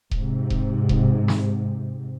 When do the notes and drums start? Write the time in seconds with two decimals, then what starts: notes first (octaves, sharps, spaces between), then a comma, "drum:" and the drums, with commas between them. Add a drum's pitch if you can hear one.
0.11 G#2 C3, drum: kick D#1
0.50 drum: kick D#1
0.89 drum: kick D#1
1.28 drum: snare